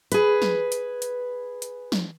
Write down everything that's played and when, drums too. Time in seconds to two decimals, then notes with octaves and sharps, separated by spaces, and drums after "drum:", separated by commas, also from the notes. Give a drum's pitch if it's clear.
0.12 G#4 B4, drum: hi-hat
0.42 drum: snare
0.72 drum: hi-hat
1.02 drum: hi-hat
1.62 drum: hi-hat
1.92 drum: snare